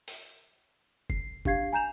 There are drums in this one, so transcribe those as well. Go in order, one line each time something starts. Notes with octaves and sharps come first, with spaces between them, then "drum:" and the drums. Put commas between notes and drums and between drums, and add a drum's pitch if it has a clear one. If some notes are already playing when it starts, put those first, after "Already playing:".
drum: open hi-hat
C7, drum: kick
D4 G4 F5 G#6 C7, drum: kick
G#5 A#5 G6 E7 F7